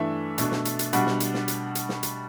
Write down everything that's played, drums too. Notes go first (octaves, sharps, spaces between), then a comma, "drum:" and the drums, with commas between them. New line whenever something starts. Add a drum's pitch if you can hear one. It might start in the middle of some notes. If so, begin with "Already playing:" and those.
Already playing: G2 E3 A3 D4 E5
B2 A3 D4, drum: hi-hat
drum: snare
drum: hi-hat
drum: hi-hat
B2 G3 D4 F#5, drum: hi-hat
drum: snare
drum: hi-hat
drum: snare
drum: hi-hat
drum: hi-hat
drum: snare
drum: hi-hat